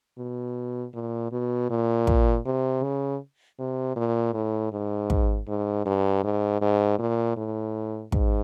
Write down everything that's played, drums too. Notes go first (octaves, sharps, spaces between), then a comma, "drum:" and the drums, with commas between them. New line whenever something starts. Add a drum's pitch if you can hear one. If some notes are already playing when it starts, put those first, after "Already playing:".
B2
A#2
B2
A#2
drum: kick
C3
C#3
C3
A#2
A2
G#2
drum: kick
G#2
G2
G#2
G#2
A#2
A2
G#2, drum: kick